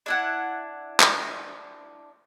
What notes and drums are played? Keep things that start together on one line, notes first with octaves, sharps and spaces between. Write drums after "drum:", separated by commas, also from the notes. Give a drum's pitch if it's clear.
D4 E4 F#5
drum: clap